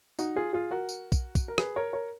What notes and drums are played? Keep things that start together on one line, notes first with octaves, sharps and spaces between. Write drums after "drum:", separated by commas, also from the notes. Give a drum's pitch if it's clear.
D#4 F#4, drum: tambourine
F4 G#4
F4 G#4
F#4 A#4
drum: tambourine
drum: kick, tambourine
drum: kick, tambourine
A#4
G#4 B4, drum: rim click
A#4 C#5
A#4 C#5